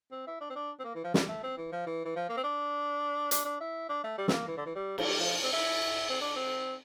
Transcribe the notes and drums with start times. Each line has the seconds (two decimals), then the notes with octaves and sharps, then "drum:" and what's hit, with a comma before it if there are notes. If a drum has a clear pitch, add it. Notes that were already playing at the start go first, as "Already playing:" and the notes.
0.12 C4
0.27 E4
0.41 D4
0.50 C4
0.56 D4
0.79 C4
0.84 A#3
0.95 E3
1.04 F3
1.14 G3, drum: snare
1.28 A3
1.43 C4
1.57 E3
1.72 F3
1.86 E3
2.05 E3
2.16 F3
2.29 A#3
2.37 C4
2.43 D4
3.31 D4, drum: hi-hat
3.45 D4
3.60 E4
3.89 D4
4.04 A3
4.18 G3
4.28 C4, drum: snare
4.33 A#3
4.47 E3
4.57 D3
4.66 E3
4.75 G3
4.98 F3, drum: cymbal
5.04 G3
5.19 F3
5.43 C4
5.53 E4
6.09 C4
6.21 D4
6.36 C4